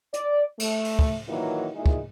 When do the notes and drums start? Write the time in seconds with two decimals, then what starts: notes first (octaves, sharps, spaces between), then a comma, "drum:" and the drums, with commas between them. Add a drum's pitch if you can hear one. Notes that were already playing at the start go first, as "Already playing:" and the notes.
0.14 D5, drum: hi-hat
0.60 A3, drum: cymbal
0.85 drum: open hi-hat
0.99 drum: kick
1.28 A#2 D#3 E3 F#3 A#3
1.74 A#2 G#3 D#4 E4 G#4
1.86 drum: kick